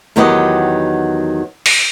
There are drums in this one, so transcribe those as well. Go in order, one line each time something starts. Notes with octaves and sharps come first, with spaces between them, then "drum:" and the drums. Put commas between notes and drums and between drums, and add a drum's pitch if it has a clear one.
E2 D#3 F#3 B3 G4 D#5
drum: open hi-hat